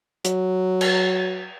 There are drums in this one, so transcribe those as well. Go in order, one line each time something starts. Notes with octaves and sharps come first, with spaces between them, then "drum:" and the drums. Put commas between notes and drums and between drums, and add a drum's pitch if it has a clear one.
F#3, drum: hi-hat
drum: cymbal